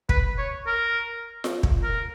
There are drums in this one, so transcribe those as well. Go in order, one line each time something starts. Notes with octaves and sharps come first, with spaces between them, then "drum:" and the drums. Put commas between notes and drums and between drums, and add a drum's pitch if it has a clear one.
B4, drum: kick
C#5
A#4
drum: snare F4
drum: kick
A#4